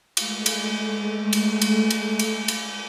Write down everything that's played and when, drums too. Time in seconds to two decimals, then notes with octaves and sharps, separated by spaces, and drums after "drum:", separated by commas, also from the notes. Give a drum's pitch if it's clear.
0.17 G#3 A3, drum: cymbal
0.46 drum: cymbal
1.33 drum: cymbal
1.62 drum: cymbal
1.90 drum: cymbal
2.19 drum: cymbal
2.48 drum: cymbal